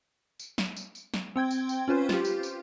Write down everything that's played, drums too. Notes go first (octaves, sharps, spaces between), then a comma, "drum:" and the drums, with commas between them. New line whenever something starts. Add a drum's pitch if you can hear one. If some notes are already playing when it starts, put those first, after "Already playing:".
drum: tambourine
drum: snare
drum: tambourine
drum: tambourine
drum: snare
C4 G5 G#6
drum: tambourine
drum: tambourine
C#4 F4 B4 C5
F4 G4, drum: snare
drum: tambourine
drum: tambourine